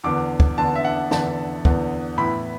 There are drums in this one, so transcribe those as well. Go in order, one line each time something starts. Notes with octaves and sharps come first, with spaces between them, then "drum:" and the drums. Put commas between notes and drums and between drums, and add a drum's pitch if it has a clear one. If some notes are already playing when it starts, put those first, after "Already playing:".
E2 D3 B3 D6
drum: kick
E2 D3 B3 A5
E5
F#5
E2 D3 B3 A5, drum: snare
E2 D3 B3, drum: kick
A2 E3 B3 E4 B5